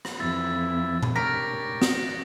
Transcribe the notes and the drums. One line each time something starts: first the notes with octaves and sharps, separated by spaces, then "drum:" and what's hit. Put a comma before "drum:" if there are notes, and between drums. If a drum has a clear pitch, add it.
drum: rim click
F2 E3 E4 A6
drum: tom A#2
D4 G4 A#4 C#5 A#6 B6 D7
F#4 D#6, drum: snare